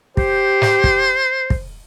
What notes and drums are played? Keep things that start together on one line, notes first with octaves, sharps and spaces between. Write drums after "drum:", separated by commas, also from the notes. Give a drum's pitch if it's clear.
G4 C5, drum: kick
drum: snare
drum: kick
drum: kick